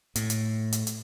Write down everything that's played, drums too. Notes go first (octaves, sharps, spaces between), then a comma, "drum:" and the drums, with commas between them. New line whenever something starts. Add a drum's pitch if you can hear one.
A2, drum: hi-hat
drum: hi-hat
drum: hi-hat
drum: hi-hat